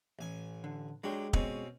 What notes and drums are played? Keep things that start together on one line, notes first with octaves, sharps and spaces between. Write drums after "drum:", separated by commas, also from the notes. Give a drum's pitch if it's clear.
A1 G#5
D3
F#3 G#3 D4 G4
B2 C4 C#4, drum: kick